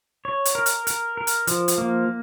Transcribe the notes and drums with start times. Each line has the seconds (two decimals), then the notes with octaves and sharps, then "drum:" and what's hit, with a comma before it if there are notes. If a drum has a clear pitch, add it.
0.25 C#5
0.45 drum: hi-hat
0.55 A#4
0.66 drum: hi-hat
0.87 A#4, drum: hi-hat
1.17 A#4
1.27 drum: hi-hat
1.47 F3, drum: hi-hat
1.68 drum: hi-hat
1.78 A#3